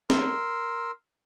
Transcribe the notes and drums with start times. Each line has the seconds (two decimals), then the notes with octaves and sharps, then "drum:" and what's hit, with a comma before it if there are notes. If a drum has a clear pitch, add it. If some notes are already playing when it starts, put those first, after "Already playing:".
0.10 A#4 C6 E6, drum: snare